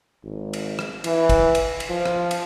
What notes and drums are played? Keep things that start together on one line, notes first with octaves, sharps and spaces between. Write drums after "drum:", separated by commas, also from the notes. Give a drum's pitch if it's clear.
G#1
drum: cymbal
drum: rim click
E3, drum: cymbal
drum: kick, cymbal
drum: cymbal
drum: cymbal
F3
drum: rim click
drum: cymbal